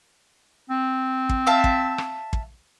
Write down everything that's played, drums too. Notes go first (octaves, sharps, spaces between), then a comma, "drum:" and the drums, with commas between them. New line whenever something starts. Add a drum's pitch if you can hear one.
C4
drum: kick
E5 F5 A5
drum: kick
drum: rim click
drum: kick